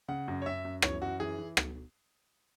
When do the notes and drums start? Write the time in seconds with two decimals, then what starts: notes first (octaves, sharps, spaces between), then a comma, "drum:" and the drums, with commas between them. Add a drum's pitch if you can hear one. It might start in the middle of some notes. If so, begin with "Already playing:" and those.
0.08 C#3 F#5
0.28 F#2
0.42 C#5
0.46 F#2 E5
0.65 F#2
0.82 E3 C#5, drum: rim click
1.01 F#2 F#4
1.20 E3 G#4
1.38 E3
1.57 drum: rim click